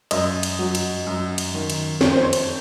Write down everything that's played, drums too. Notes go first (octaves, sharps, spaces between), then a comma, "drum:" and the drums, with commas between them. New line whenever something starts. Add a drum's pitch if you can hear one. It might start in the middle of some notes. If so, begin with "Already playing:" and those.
F#2 D#5, drum: cymbal
drum: cymbal
F#3
drum: cymbal
F#2
drum: cymbal
D#3
drum: cymbal
F2 C#5, drum: snare
C5
C#5
drum: cymbal